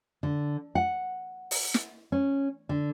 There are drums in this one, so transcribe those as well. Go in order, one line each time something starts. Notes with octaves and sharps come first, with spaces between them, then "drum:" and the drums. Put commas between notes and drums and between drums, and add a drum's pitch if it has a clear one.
D3
F#5
drum: open hi-hat
drum: snare
C#4
D3